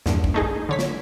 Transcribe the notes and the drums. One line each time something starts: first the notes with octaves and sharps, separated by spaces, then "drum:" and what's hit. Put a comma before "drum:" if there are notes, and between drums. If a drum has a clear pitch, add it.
E2 G2, drum: snare
drum: kick A#1
A3 D#4 G#4
D3 C#5 B6
drum: snare